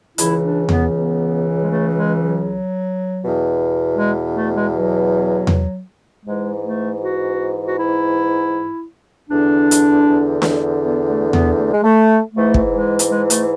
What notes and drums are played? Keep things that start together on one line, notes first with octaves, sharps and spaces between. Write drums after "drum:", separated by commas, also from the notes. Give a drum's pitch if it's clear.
C#2 C#3 E3 E4, drum: hi-hat
D4
B3, drum: tom E2
B3
G#3
A3
G#3
F#3
E2 B2
G#3
A3
G#3
F#3
drum: tom E2
G#2 E3 G#3
A3
F#4
F#4
E4
E2 D3 D4
drum: hi-hat
drum: snare D4
B3
A3
B3, drum: tom E2
A3
G#3
A3
G#2 E3 A3
drum: kick
G#3
drum: hi-hat
G#3
A3, drum: hi-hat